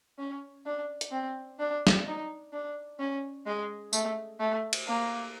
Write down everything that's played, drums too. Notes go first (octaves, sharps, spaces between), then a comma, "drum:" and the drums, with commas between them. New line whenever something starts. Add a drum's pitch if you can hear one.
C#4
D4
drum: hi-hat
C4
D4
drum: snare
D#4
D4
C#4
G#3
A3, drum: tambourine
A3
drum: cymbal
A#3